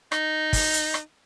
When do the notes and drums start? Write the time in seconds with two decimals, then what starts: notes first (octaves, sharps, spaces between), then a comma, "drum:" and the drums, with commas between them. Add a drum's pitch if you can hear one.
0.12 D#4, drum: rim click
0.53 drum: kick, open hi-hat
0.73 drum: hi-hat
0.94 drum: rim click